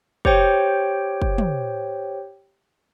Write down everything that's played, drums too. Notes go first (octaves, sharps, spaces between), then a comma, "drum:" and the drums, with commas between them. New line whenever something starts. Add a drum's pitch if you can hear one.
G4 C5 C#5 G5, drum: kick
drum: kick
drum: tom